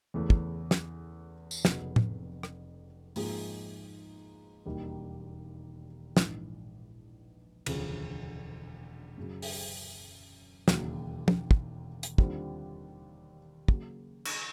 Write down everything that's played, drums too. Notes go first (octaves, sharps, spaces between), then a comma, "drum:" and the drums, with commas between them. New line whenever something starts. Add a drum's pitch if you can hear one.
E2 C#3 E3 A3
drum: kick
drum: snare
drum: tambourine
F1 F2 C#3 F#3 B3, drum: snare
drum: tom A2
drum: rim click
G#2 F3 A#3 D#4 G#4, drum: open hi-hat
E1 D#2 D#3 G3 A#3
A#1 G#2 E3, drum: snare
E1 D2 C#3 F3, drum: cymbal
F#2 C#3 F#3
drum: open hi-hat
E1 D#2 C#3 F#3 A#3, drum: snare
drum: tom
drum: kick
drum: hi-hat
D#2 D3 G3 C4 F4, drum: kick
C#3 F#3 A#3, drum: kick
drum: cymbal